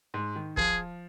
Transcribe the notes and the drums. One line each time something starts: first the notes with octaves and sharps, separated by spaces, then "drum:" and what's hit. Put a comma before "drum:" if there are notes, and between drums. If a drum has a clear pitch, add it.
G#2
D#3
F3 G#4, drum: kick